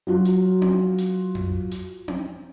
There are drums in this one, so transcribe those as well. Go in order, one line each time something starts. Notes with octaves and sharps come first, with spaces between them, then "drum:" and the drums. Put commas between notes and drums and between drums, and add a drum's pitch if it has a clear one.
F#3 F4 F#4
drum: hi-hat
drum: tom C4
drum: hi-hat
drum: tom F2
drum: hi-hat
drum: tom C4